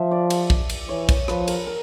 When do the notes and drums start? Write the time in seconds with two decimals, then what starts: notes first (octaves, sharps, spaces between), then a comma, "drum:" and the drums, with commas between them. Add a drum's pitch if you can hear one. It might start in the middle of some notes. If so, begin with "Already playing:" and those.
Already playing: F3 E5
0.11 D5
0.30 drum: cymbal
0.50 drum: kick
0.70 drum: cymbal
0.89 E3 C#5
1.09 drum: kick, cymbal
1.28 F3 B4, drum: rim click
1.48 A#4, drum: cymbal
1.67 A#4